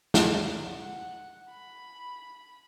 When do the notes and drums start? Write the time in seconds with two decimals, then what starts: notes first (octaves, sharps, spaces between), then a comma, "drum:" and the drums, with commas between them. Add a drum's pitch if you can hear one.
0.14 drum: snare
0.60 F#5
1.50 B5